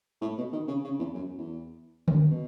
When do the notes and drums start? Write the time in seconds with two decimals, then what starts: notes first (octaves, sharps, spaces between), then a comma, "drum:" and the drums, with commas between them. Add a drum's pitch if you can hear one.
0.22 A2
0.38 B2
0.52 D#3
0.68 C#3
0.84 C#3
0.99 E2
1.14 F#2
1.38 E2
2.08 F#2, drum: tom D3
2.31 B2